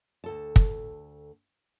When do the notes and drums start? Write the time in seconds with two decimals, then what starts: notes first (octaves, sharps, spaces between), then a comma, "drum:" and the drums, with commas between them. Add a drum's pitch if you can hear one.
0.24 D2 A4 A5
0.56 drum: kick